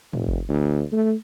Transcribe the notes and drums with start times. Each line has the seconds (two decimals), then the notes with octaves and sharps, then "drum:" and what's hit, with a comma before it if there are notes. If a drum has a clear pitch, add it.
0.13 F1, drum: tom
0.28 drum: kick G1
0.49 D2
0.92 A3